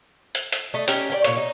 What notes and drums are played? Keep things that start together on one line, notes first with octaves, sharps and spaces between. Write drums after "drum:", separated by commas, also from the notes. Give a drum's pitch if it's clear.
drum: hi-hat
drum: hi-hat
A3 D#5
C#4 D#4 G4, drum: hi-hat
G4 A#4 D5
A#2 C#5, drum: hi-hat
D#4